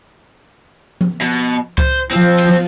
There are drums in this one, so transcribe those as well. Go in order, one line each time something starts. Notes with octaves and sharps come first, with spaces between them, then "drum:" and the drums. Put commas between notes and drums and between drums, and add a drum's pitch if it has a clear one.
drum: tom F3
B2, drum: hi-hat
C5, drum: kick C#2
F3 C4, drum: hi-hat
drum: cymbal